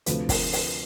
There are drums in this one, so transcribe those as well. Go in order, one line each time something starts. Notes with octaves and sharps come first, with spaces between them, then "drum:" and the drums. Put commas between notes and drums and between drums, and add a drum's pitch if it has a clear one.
D2 C3 F3 A3 C4 B4, drum: hi-hat
A#4, drum: kick, open hi-hat
B4, drum: open hi-hat